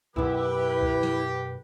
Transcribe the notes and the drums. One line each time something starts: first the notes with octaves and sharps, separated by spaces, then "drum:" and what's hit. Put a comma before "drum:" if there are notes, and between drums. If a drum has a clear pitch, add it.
B1 F#2 E4 G4 B4, drum: kick C2
drum: kick C2
drum: snare